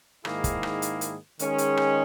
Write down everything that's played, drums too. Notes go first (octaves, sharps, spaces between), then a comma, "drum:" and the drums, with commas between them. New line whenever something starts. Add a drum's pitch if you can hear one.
G#2 D#3 A#3 E4 G#4, drum: rim click
drum: kick, hi-hat
drum: rim click
drum: hi-hat
drum: hi-hat
D#3 G#3 C#4 G#4, drum: hi-hat
drum: hi-hat
drum: rim click